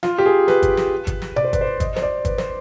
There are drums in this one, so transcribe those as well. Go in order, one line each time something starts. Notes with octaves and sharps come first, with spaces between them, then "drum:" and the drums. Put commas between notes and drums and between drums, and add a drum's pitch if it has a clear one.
F4, drum: snare
G4
G#4
B4, drum: snare
drum: kick, hi-hat
drum: snare
drum: kick, hi-hat
drum: snare
D5, drum: tom B2
C5
B4, drum: kick, hi-hat
C5
D#5, drum: kick, hi-hat
C5, drum: snare
D5
B4, drum: kick, hi-hat
C5, drum: snare